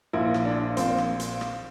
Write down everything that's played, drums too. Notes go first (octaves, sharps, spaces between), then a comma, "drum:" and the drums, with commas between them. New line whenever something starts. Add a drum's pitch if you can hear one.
A#1 A#2 E4
drum: rim click
D4
A#1 A#2 C4, drum: hi-hat
drum: rim click
drum: hi-hat
drum: rim click